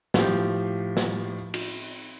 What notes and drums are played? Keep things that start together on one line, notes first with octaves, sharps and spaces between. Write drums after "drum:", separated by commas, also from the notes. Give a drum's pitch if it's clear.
A2 F3 G4, drum: snare
drum: snare
drum: cymbal